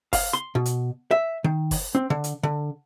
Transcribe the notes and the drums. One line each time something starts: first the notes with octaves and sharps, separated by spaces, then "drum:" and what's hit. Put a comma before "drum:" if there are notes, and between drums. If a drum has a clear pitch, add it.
F5, drum: kick F#1, open hi-hat
C6
B2
drum: hi-hat
E5
D#3
drum: kick F#1, open hi-hat
C4
D3
drum: hi-hat
D3